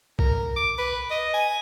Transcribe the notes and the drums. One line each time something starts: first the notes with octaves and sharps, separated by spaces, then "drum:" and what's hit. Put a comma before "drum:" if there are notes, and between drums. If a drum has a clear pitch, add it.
A#4, drum: kick B1
D6
B4
D#5
G#5